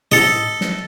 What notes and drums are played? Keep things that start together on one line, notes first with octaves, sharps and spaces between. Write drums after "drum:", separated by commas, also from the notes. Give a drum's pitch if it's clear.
A4 D#5, drum: tom A2
drum: snare